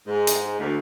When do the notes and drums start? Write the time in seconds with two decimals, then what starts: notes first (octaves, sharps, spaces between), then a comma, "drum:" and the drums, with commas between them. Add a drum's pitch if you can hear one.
0.07 G#2
0.27 drum: hi-hat
0.57 D2